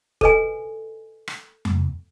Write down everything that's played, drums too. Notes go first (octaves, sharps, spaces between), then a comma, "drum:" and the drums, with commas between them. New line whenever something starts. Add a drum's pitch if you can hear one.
A4 B4 D#5 G#5, drum: kick
drum: rim click
drum: tom F2